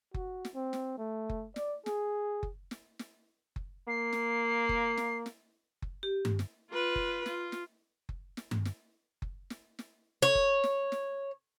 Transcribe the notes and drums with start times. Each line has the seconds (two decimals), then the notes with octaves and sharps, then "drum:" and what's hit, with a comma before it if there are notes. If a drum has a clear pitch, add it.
0.14 F#4, drum: kick F#1
0.45 drum: snare
0.54 C4
0.73 drum: snare
0.98 A3
1.30 drum: kick F#1
1.56 D5, drum: snare
1.86 G#4, drum: snare
2.43 drum: kick F#1
2.71 drum: snare
2.99 drum: snare
3.56 drum: kick F#1
3.88 A#3 C7
4.13 drum: snare
4.69 drum: kick F#1
4.97 drum: snare
5.26 drum: snare
5.82 drum: kick F#1
6.03 G4
6.25 drum: tom G2
6.39 drum: snare
6.71 F4 B4
6.96 drum: kick F#1
7.26 F4, drum: snare
7.52 drum: snare
8.09 drum: kick F#1
8.37 drum: snare
8.51 drum: tom G2
8.65 drum: snare
9.22 drum: kick F#1
9.50 drum: snare
9.79 drum: snare
10.22 C#5
10.35 drum: kick F#1
10.64 drum: snare
10.92 drum: snare